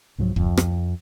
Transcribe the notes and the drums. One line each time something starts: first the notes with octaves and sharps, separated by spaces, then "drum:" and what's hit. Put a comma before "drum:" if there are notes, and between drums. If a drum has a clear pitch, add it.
C2 G#2 F3 F#3
F2, drum: kick
drum: rim click